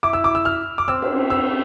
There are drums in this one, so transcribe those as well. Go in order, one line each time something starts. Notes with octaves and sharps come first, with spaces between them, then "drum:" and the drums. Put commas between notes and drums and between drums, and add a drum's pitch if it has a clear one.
E4 D6
E6
D6
E6
F6
D6
C4 E6
drum: cymbal
E6